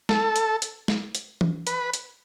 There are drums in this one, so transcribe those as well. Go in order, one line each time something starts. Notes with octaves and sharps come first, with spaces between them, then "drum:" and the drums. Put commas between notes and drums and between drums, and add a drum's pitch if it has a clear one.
A4, drum: snare
drum: hi-hat
drum: hi-hat
drum: snare
drum: hi-hat
drum: tom E3
B4, drum: hi-hat
drum: hi-hat